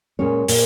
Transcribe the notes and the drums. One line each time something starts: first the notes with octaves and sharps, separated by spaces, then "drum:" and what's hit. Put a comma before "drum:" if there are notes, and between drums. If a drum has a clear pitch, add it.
A#2 G#3 C#4 C#5
A#2, drum: open hi-hat